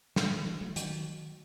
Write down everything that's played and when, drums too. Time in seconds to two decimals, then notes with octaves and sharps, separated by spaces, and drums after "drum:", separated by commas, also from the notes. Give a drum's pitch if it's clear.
0.16 F#3 A3, drum: snare
0.46 E3 G#3
0.61 F#3 A3
0.76 D#3 F#3, drum: hi-hat